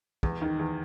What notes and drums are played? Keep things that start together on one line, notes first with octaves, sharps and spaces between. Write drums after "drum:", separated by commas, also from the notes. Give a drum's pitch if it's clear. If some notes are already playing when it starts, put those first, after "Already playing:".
E2, drum: kick
D#3
E2